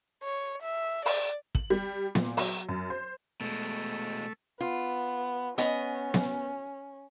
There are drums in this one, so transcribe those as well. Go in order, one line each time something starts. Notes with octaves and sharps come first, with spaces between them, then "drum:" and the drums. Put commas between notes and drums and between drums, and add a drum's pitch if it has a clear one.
C#5
E5
D5, drum: open hi-hat
F#7, drum: kick
G3
A#2, drum: snare B3
F#3, drum: open hi-hat
F#2
C5
B2 G#3 A3
B3 F4
B3 C#4 D#5, drum: hi-hat
drum: snare B3